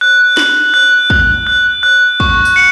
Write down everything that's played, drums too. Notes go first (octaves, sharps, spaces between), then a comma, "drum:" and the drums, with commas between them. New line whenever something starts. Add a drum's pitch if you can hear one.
F#6
F#7, drum: snare
F#6
F#6, drum: kick
F#6
F#6
C#6, drum: kick
drum: tambourine
C#7